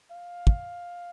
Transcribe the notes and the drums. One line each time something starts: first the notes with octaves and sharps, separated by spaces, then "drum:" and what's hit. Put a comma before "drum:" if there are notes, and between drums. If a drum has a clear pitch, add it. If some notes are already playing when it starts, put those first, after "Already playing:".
F5
drum: kick